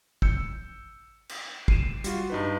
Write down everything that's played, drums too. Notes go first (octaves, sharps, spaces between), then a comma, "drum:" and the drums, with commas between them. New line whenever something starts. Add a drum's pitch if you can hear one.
E6 G6 C#7, drum: kick
drum: cymbal
C7 D#7 E7, drum: kick
G3 F4 F#4, drum: hi-hat
G2 D#4 B4